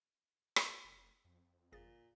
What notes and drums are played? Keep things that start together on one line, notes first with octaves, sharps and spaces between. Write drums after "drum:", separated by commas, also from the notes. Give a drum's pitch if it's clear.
drum: rim click
F1
F2
G1 A#2 G#4 A6